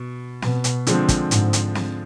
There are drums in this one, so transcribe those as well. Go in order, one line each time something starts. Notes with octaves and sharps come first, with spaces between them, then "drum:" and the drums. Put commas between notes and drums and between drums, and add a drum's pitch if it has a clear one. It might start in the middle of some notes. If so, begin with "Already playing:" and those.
Already playing: B2
B2, drum: snare
drum: hi-hat
D3 F3 G#3 C4, drum: hi-hat
drum: kick, hi-hat
G#2, drum: hi-hat
drum: hi-hat
drum: snare